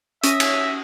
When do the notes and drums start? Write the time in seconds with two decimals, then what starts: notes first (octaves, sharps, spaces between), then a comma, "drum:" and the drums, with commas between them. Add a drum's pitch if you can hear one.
0.23 C#4 E5 D#6 A#6, drum: hi-hat
0.40 drum: cymbal